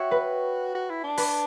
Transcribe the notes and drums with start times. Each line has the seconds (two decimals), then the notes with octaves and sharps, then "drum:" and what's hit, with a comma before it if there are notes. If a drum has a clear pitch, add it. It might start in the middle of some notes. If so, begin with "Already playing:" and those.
Already playing: F#4 C#5 E5 G5
0.11 B4
0.75 F#4
0.90 E4
1.04 D4
1.17 B4, drum: open hi-hat